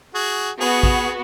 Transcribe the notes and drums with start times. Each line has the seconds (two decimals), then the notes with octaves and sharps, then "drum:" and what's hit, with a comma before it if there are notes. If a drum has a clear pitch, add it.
0.15 F#4 G#4
0.61 B3 F#4 G#4
0.83 drum: kick A1